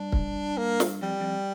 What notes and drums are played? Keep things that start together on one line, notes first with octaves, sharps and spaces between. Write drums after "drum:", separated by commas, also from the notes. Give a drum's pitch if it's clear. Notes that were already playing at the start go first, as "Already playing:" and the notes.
Already playing: G2 D4
drum: kick
A#3
drum: snare
F2 G3
F2